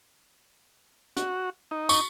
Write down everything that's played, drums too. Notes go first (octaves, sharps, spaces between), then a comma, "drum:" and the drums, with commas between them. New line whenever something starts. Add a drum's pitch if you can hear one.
F#4, drum: hi-hat
D#4
C#6, drum: tambourine